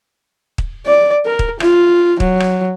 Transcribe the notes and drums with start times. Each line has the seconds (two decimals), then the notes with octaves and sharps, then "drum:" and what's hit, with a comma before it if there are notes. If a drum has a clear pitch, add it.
0.58 drum: kick
0.86 D5
1.26 A#4
1.39 drum: kick
1.60 F4, drum: rim click
2.20 F#3, drum: kick
2.40 drum: rim click